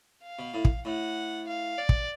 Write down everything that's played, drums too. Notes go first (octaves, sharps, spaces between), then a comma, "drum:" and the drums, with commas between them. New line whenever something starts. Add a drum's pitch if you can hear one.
F5
B2
A2
drum: kick
A2 F#5
F5
D5
drum: kick